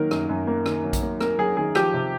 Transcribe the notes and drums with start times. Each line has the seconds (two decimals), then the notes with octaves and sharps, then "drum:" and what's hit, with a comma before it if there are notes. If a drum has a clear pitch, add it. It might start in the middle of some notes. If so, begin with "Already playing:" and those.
Already playing: D#3 F#3 A#3 A#4
0.11 F#2, drum: rim click
0.29 F#2
0.47 A#3
0.66 D#3, drum: rim click
0.84 F#3
0.93 drum: kick A#1, hi-hat
1.02 A#3
1.21 A#3 A#4, drum: rim click
1.39 F#3 G#4
1.57 D#3 G#4
1.75 F3 G4, drum: rim click
1.94 C3